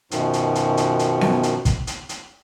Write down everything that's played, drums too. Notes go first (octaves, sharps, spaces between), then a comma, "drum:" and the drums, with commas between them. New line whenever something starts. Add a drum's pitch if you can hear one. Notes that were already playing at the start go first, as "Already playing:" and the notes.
F#2 B2 D#3 F3, drum: hi-hat
drum: hi-hat
drum: hi-hat
drum: hi-hat
drum: hi-hat
drum: snare B3
drum: hi-hat
drum: kick, hi-hat
drum: hi-hat
drum: hi-hat